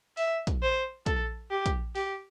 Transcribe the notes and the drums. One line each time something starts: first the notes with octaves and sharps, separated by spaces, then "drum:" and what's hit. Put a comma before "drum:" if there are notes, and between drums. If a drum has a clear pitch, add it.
E5, drum: open hi-hat
drum: kick, hi-hat
C5
A4, drum: kick, hi-hat
G4
drum: kick, hi-hat
G4, drum: open hi-hat